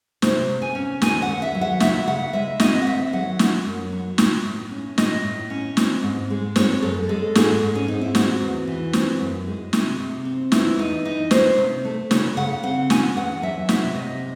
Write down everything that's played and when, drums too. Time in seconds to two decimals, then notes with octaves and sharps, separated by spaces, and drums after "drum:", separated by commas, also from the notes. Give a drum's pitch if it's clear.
0.22 C3 C5, drum: snare
0.49 C3
0.62 G#5
0.75 C#4
1.02 D#2 G#5, drum: snare
1.22 F#5
1.28 D#2
1.42 E5
1.55 F#3
1.61 F#5
1.80 C#3 E5, drum: snare
2.07 C#3 F#5
2.33 G#3 E5
2.60 C4 D#5, drum: snare
2.82 F#5
2.86 D#2 E5
3.13 F#3 F#5
3.39 C#4, drum: snare
3.65 F#2
3.92 F#3
4.18 A2, drum: snare
4.45 A2
4.71 C#4
4.98 A2 D#5, drum: snare
5.24 A2
5.50 C#4
5.77 C4, drum: snare
6.03 G#2
6.30 G#3
6.56 C4 C#5, drum: snare
6.82 F#2 A4
7.09 G#3 A4
7.35 G#2 G#4, drum: snare
7.62 G#2
7.75 C#4
7.88 C4 D#4
8.01 E4
8.15 C4 F#4, drum: snare
8.41 E2
8.67 E3
8.93 C4, drum: snare
9.20 F#2
9.47 G#3
9.73 C3, drum: snare
9.99 C3
10.25 C4
10.52 E2 E4, drum: snare
10.78 E2 D#4
11.05 E3 D#4
11.31 C#4 C5, drum: snare
11.58 C3
11.85 A3
12.11 C#3 C#5, drum: snare
12.37 C#3 F#5
12.63 C4 F#5
12.90 C#4 G#5, drum: snare
13.16 E2 F#5
13.42 F#3 E5
13.69 C3 E5, drum: snare
13.95 C3 D#5